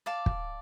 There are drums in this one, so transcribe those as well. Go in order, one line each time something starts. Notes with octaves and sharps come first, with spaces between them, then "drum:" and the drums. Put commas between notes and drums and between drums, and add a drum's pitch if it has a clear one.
D5 F5 A5
drum: kick